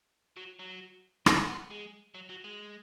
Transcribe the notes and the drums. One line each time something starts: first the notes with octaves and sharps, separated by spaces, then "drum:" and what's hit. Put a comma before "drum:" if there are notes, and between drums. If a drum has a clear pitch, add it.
F#3
F#3
G#3, drum: rim click
B3
G#3
F#3
F#3
G#3